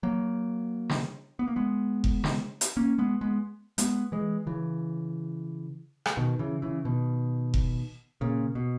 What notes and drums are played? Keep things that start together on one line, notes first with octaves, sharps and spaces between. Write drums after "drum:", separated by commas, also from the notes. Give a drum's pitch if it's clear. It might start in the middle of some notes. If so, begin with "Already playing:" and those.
F#3 A#3
drum: snare
B3
A#3
G#3 B3
drum: kick F1
drum: snare
drum: hi-hat
A#3 C#4
G#3 B3
G#3 B3
G#3 B3, drum: hi-hat
E3 G#3
C#3 E3
drum: rim click
B2 D#3
C#3 E3
C#3 E3
B2 D#3
drum: kick F1
A#2 C#3
B2